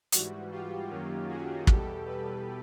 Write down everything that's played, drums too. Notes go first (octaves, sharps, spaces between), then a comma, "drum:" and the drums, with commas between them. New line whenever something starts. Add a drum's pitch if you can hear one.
G#2 E3 G3 F#4, drum: hi-hat
F4 G4
F#2 D#3 F#3 A#3 C#4
F#4 G#4
E2 B2 G3 G4 A4, drum: kick
A4 B4